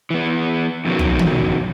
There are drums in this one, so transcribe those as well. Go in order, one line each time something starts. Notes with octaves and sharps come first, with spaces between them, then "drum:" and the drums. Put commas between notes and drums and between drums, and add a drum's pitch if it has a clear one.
E3 B3
F2 B2 D#3 F#3
drum: tom
drum: tom